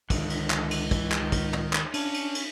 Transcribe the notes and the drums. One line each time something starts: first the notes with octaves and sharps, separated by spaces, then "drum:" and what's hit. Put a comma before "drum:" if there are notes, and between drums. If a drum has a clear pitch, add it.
C#2 D3 D#3, drum: kick, cymbal
drum: cymbal
drum: clap
drum: cymbal
E3, drum: kick, cymbal
drum: clap
D#3
drum: kick, cymbal
drum: tom
drum: clap
C#4 D4, drum: cymbal
drum: cymbal
drum: cymbal